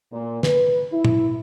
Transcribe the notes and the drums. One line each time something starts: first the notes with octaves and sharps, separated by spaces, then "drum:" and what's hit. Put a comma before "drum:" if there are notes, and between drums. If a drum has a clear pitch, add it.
A#2
B4, drum: snare
E4
drum: tom